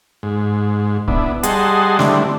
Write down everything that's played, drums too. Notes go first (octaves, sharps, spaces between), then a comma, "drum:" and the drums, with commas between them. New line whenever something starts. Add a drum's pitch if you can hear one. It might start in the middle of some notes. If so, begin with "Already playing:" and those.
G#2
B3 D4 E4, drum: kick A#1
G3 G#4 D#5 F#5 A5 C6, drum: hi-hat
D3 G3 A3 C4 D4 E4, drum: snare